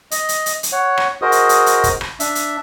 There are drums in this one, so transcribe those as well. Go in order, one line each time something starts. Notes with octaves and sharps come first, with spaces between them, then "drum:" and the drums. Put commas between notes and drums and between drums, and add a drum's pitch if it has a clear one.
D#5, drum: hi-hat
drum: hi-hat
drum: hi-hat
drum: hi-hat
C#5 F#5
drum: rim click
F#4 G#4 A#4 C5 D#5 D#6
drum: hi-hat
drum: hi-hat
drum: hi-hat
drum: kick, hi-hat
drum: rim click
D4 E5, drum: hi-hat
drum: hi-hat